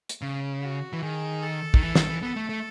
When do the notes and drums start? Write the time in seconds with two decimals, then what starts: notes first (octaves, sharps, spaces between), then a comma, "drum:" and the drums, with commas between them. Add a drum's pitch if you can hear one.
0.09 drum: hi-hat
0.22 C#3
0.61 F#4
0.93 E3
1.02 D#3 G#4
1.43 A4
1.74 D#3, drum: kick
1.83 E3
1.95 D#3, drum: snare
2.09 E3
2.22 B3 A4
2.36 A3
2.49 A3